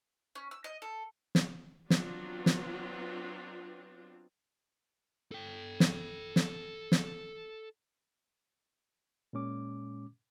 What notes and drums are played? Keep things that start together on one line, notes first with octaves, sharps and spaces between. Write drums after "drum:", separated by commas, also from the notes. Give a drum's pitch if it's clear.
C#4
E6
D#5
A4
drum: snare
F#3 B3 C4 D4 F4, drum: snare
drum: snare
A4 G5
drum: snare
drum: snare
drum: snare
A#2 G#3 C#4 D6